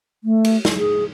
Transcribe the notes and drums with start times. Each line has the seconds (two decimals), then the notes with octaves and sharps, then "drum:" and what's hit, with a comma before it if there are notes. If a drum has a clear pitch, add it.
0.24 A3
0.44 drum: cymbal
0.65 drum: snare
0.78 G#4